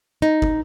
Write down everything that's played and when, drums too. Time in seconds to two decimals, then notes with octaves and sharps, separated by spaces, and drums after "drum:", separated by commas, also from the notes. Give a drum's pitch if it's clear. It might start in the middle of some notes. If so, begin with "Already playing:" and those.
0.22 D#4
0.42 drum: kick